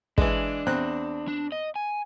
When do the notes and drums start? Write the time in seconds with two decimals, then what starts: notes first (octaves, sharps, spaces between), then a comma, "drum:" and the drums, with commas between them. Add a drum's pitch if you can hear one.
0.18 E3 G#3 D4, drum: kick
0.66 E2 C4 F#6
1.28 D4
1.52 D#5
1.76 G#5